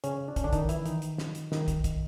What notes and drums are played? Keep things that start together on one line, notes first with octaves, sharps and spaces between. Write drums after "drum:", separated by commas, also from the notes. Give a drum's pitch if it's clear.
C#3 C#4, drum: hi-hat
D4
C#4, drum: kick, hi-hat
D3 D4
D#3 D#4, drum: kick, hi-hat
E3 E4, drum: hi-hat
D#3 D#4, drum: hi-hat
drum: hi-hat
drum: snare
drum: hi-hat
D#3 D#4, drum: snare
drum: kick, hi-hat
drum: kick, hi-hat